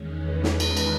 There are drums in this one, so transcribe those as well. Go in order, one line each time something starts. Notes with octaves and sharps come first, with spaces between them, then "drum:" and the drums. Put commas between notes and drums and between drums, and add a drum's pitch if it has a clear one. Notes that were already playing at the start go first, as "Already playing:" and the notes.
Already playing: E2 D#3 G#3 C#4
B4
B4, drum: snare
drum: cymbal
drum: cymbal